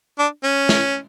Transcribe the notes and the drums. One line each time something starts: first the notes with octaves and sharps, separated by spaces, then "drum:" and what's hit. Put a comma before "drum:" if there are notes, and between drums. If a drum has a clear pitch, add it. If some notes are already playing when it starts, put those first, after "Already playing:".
D4
C#4
drum: snare